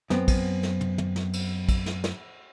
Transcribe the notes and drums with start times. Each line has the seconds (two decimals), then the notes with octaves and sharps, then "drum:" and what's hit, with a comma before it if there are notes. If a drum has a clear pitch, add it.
0.10 F#2 B3 C4, drum: snare
0.28 drum: kick, cymbal
0.63 drum: snare
0.81 drum: tom
0.98 drum: tom
1.16 drum: snare
1.33 drum: cymbal
1.69 drum: kick, cymbal
1.86 drum: snare
2.04 drum: snare